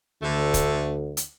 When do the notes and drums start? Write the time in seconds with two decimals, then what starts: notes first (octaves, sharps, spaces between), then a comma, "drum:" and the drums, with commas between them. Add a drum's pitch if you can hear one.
0.22 D2 D3 A3
0.54 drum: kick, hi-hat
1.17 drum: hi-hat